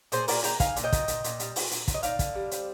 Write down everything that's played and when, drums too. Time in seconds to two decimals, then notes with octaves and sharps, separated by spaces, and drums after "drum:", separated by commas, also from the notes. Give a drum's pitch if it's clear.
0.12 A#2 G#4 C5, drum: hi-hat
0.28 A#2 A#4 D5, drum: open hi-hat
0.44 G#3 G5 A#5, drum: hi-hat
0.60 D#4 F5 G#5, drum: kick, hi-hat
0.76 A#2, drum: hi-hat
0.84 D#5 G5
0.93 A#2, drum: kick, hi-hat
1.08 A#2, drum: hi-hat
1.24 A#2, drum: hi-hat
1.39 G3, drum: hi-hat
1.56 C4, drum: open hi-hat
1.71 A#2, drum: hi-hat
1.88 A#2, drum: kick, hi-hat
1.94 D#5
2.03 D#4 D5 F5, drum: hi-hat
2.19 D3, drum: kick, hi-hat
2.35 G3
2.51 C4, drum: hi-hat